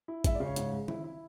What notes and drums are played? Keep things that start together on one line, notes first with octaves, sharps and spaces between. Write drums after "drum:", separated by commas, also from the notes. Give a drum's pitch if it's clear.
E4
G#3 E5, drum: kick, hi-hat
D5
C#3
C#5
G#2, drum: hi-hat
G#3
E4, drum: tom D#3
E4